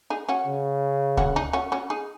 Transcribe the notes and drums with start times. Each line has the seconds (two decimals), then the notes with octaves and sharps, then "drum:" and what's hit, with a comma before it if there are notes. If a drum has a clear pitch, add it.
0.10 D#4 G#4
0.28 C#4 F#4
0.47 C#3
1.17 C#4 F#4, drum: kick D2
1.36 D#4 G#4
1.53 C#4 F#4
1.72 C#4 F#4
1.90 D#4 G#4